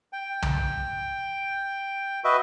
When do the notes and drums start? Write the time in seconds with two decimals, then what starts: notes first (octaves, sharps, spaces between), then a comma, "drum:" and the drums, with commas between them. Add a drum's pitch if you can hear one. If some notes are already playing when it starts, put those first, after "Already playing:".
0.13 G5
0.42 drum: tom
2.24 F#4 B4 D#5 E5